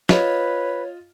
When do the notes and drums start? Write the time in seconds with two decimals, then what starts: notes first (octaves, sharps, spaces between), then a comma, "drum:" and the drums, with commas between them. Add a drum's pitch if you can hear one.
0.09 F4 B4 C#5 D#5, drum: snare